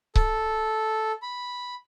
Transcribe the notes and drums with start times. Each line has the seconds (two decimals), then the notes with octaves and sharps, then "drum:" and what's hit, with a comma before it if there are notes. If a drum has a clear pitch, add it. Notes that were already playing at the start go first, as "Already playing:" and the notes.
0.16 A4, drum: kick C#1
1.22 B5